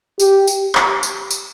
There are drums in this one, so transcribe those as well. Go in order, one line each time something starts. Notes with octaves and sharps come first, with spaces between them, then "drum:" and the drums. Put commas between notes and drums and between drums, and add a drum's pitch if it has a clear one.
G4, drum: tambourine
drum: tambourine
drum: clap
drum: tambourine
drum: tambourine